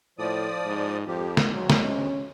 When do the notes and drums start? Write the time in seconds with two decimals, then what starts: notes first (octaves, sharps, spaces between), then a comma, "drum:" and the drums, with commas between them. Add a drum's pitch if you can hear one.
0.19 A2 F3 D5 D#6
0.66 G#2
1.07 F2 F3 G4
1.37 drum: snare
1.53 D2 F#3 G#3
1.70 drum: snare
1.84 C#4